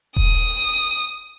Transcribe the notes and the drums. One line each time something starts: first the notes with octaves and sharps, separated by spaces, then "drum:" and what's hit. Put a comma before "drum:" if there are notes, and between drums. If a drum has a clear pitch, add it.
D#6, drum: kick D#1